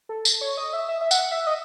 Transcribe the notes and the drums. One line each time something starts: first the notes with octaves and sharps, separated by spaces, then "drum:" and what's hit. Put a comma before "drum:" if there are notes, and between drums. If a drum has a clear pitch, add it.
A4
drum: tambourine
C#5
D#5
E5
E5
E5
F#5, drum: tambourine
E5
D#5